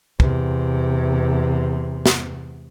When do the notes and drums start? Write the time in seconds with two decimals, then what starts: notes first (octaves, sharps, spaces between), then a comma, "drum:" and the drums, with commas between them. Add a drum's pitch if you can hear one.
0.20 E2 C3, drum: kick
2.06 drum: snare